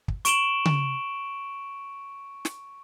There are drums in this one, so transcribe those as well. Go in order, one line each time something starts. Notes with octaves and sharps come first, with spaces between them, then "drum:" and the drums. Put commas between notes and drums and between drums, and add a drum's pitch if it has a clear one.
drum: kick
C#6 D7 E7 F#7 G7, drum: hi-hat
drum: tom C#3
drum: snare